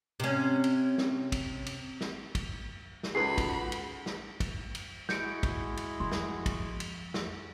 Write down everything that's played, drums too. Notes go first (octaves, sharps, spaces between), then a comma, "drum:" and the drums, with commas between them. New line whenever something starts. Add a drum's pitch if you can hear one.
C3 C#4
drum: cymbal
drum: snare
drum: kick, cymbal
drum: cymbal
drum: snare
drum: kick, cymbal
drum: snare
C#2 D#4 F#4 G#4 A4 B4 B5 C7
drum: kick, cymbal
drum: cymbal
drum: snare
drum: kick, cymbal
drum: cymbal
G#3 E4 F#4 G6 C#7 D7, drum: snare
drum: kick, cymbal
drum: cymbal
F2 C6
drum: snare
drum: kick, cymbal
drum: cymbal
drum: snare